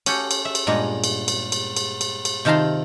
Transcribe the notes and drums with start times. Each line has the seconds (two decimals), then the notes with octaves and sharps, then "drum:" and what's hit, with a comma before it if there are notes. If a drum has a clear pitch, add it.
0.06 C#4 F#4 G4 A4 C#5, drum: cymbal
0.31 drum: cymbal
0.45 E5
0.55 drum: cymbal
0.67 G2 A#2 G#3 B3 A#5
1.04 drum: cymbal
1.28 drum: cymbal
1.52 drum: cymbal
1.76 drum: cymbal
2.01 drum: cymbal
2.25 drum: cymbal
2.45 C3 D#3 F4 A5 A#5 C6